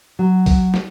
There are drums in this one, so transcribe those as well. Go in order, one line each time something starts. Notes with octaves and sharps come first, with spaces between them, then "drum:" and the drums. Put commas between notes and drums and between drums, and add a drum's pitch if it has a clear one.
F#3
drum: kick C2, open hi-hat
drum: snare